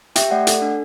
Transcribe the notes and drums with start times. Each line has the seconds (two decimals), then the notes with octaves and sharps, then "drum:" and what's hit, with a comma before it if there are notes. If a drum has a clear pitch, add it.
0.16 G4 E5 G5, drum: hi-hat
0.31 A3 D5 F#5
0.47 A4, drum: hi-hat
0.62 D4